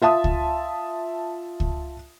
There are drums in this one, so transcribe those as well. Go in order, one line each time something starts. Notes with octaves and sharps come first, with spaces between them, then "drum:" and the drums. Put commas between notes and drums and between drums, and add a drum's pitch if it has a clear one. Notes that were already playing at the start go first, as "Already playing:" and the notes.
F4 E5 A5 D#6
drum: kick C#2
drum: kick C#2